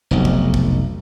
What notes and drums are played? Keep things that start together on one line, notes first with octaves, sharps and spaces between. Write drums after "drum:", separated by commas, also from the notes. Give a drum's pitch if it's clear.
F1 B1
drum: kick
drum: kick